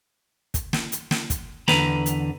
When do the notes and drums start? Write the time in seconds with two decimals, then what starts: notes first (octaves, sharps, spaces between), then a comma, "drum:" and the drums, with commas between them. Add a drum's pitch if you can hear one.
0.54 drum: kick, hi-hat
0.73 drum: snare
0.92 drum: hi-hat
1.11 drum: snare
1.30 drum: kick, hi-hat
1.68 E2 D3 B4 A#5 B5, drum: snare
2.06 drum: hi-hat